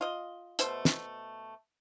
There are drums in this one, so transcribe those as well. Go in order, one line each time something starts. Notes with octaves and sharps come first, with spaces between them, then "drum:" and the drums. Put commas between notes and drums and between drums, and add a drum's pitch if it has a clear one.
F4 D#5
B2 A3 C5, drum: hi-hat
drum: snare